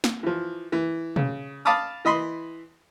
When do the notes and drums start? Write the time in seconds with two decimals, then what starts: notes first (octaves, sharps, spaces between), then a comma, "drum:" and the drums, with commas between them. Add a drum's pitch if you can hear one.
0.04 drum: snare
0.23 E3 F3
0.72 E3
1.16 C#3, drum: tom
1.65 F5 A5 B5 D6 D#6 F6
2.05 E3 D#5 B5 C6